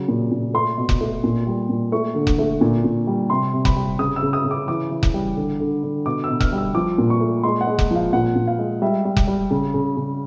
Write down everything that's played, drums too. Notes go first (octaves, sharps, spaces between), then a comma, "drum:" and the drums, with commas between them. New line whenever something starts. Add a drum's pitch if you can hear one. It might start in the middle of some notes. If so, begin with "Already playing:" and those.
Already playing: C#3 F#3
A#2
A#2
A3 C6
B2
drum: kick F1
A3
A#2
G3
A#2
A3 C#6
D3
drum: kick F1
A3
A#2
A#2
G3
C3 C6
C3
B5, drum: kick F1
G3
C#3 D#6
E6
C#3
D#6
C#3
D6
E3 D6
E3
drum: kick F1
G3
D3
D3
D3
B2 D6
E6
B2
F6, drum: kick F1
G3
E6
F3 D6
A#2
C#6
A3
G#3 C6
F#5
G#3
drum: kick F1
F3 F5
A#2 F#5
A#2
F5
G#3
G3 E5
G3
drum: kick F1
G3
C#3
C#3
C#3